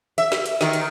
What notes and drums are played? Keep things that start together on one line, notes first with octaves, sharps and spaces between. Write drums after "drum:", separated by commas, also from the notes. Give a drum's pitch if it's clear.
E5, drum: hi-hat
drum: snare
drum: hi-hat
D#3, drum: snare
drum: hi-hat